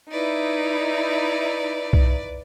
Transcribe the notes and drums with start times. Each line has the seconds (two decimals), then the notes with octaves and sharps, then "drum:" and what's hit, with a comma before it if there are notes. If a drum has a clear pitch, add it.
0.11 D#4 E4 B4 D5
1.93 drum: kick B1